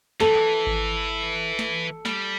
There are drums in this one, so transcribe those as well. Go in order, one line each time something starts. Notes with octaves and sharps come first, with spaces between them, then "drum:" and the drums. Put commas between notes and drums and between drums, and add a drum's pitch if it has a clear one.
E3 A4, drum: snare
drum: kick G#1
drum: snare
G3, drum: snare